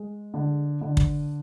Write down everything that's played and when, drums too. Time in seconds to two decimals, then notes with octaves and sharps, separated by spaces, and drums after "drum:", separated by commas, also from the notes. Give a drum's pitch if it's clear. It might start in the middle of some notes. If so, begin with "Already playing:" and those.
Already playing: G#3
0.34 D3
0.81 D3
0.97 drum: kick